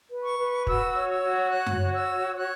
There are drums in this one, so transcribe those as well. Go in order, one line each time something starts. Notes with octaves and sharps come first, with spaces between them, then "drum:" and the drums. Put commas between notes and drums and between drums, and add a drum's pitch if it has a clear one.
B4
C#6
B4
F#4 E6, drum: kick
C#5
E6
F#4
C#5 F#6
drum: tom F#2
F#4
E6
C#5
C#5 F#6